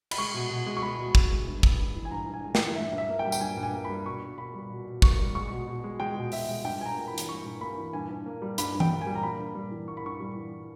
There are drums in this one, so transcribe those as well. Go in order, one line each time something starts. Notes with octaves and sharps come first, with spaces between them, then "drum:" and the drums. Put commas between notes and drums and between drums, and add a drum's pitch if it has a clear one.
B5, drum: cymbal
G#3 C#6
B2
B2
G#3
C#6
G#3 B5
B2
B2, drum: kick
G#3
G2
G2, drum: kick
G#3
E3
G#5
G2 A#5
G2
G#5
G#3
G5, drum: snare
E3
G2 E5
G2
E5
A#3
G5
G3
G5, drum: tambourine
G2 G#5
G2
G#5
A#3
B5
G3
B2 C#6
B2
A#3 B5
G3
B2
B2
A#3 C#6, drum: kick
G3
G#3 C#6
B2
B2
G#3
G#3 G5
B2
B2 E5, drum: open hi-hat
G#3
G2 G5
G2 G#5
A#5
A#3
E3 B5
drum: hi-hat
G2 C#6
G2
A#3 B5
E3
G2 G#5
G2
A#3
G3
G2 B5, drum: hi-hat
G2
G5, drum: tom E3
A#3
G#5
G3
A#5
A#3 B5
G2
G3
E3
A#3 C#6
B5
G2 C#6
G3
E3